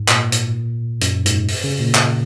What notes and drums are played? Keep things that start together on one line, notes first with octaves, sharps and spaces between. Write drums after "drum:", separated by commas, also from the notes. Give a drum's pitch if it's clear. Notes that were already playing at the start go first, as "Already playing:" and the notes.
Already playing: G#2
A#2, drum: clap
drum: hi-hat
F#2, drum: hi-hat
G#2, drum: hi-hat
drum: open hi-hat
C#3
A#2
drum: clap